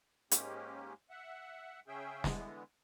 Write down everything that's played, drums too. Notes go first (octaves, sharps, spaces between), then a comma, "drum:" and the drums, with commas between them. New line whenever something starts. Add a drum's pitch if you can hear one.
G#2 G#3 A#3 C#4 G4, drum: hi-hat
E5 F#5
C#3 C#4 G#4 E5 G5
D3 E3 G#3 B3, drum: snare